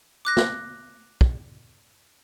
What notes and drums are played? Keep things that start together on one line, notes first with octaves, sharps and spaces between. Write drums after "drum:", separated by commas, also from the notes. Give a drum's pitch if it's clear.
D6 F#6 A#6
drum: snare
drum: kick